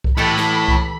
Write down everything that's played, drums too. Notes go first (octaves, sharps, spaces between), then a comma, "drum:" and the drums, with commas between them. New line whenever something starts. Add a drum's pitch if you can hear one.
drum: kick C2
A2 E3 G4 A4 F#5 B5
drum: snare
drum: kick C2